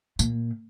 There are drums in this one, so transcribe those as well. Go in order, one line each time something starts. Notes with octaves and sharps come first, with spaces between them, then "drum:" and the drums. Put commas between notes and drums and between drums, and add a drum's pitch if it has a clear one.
A#2, drum: tambourine